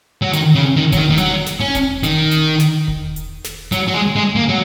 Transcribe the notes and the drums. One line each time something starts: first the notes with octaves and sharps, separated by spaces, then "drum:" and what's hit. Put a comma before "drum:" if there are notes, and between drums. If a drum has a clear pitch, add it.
F#3
D#3, drum: hi-hat
C#3
D#3
F#3, drum: kick E1, hi-hat
D#3
D#3
F#3, drum: hi-hat
drum: snare
C#4
drum: kick E1, hi-hat
D#3, drum: hi-hat
drum: hi-hat
drum: snare
drum: kick E1
drum: hi-hat
drum: snare
F#3, drum: hi-hat
F#3
G#3
G#3
A#3
F#3